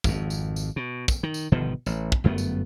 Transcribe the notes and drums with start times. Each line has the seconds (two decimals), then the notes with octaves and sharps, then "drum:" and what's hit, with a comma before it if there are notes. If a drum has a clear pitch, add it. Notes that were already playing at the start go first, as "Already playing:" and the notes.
0.04 G#1 F2, drum: kick, tambourine
0.30 drum: tambourine
0.56 drum: tambourine
0.76 B2
1.08 drum: kick, tambourine
1.23 D#3
1.34 drum: tambourine
1.52 G1 B2 D#3 F3
1.86 A1, drum: tambourine
2.12 drum: kick
2.24 G1 F#2 A3 B3
2.38 drum: tambourine